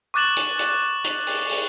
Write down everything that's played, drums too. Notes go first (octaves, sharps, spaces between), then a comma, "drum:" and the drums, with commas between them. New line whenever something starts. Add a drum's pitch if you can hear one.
C#6 D6 F#6 A6 E7 F#7
drum: hi-hat
drum: hi-hat
drum: hi-hat
drum: open hi-hat
drum: open hi-hat